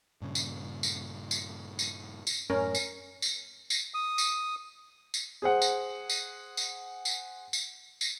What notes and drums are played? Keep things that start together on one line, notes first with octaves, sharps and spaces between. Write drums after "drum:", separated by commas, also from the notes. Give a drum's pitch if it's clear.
G2 A#2 C#3
drum: tambourine
drum: tambourine
drum: tambourine
drum: tambourine
drum: tambourine
F#2 A2 C#4 A#4
drum: tambourine
drum: tambourine
drum: tambourine
D#6
drum: tambourine
drum: tambourine
G#4 C5 F#5
drum: tambourine
drum: tambourine
drum: tambourine
drum: tambourine
drum: tambourine
drum: tambourine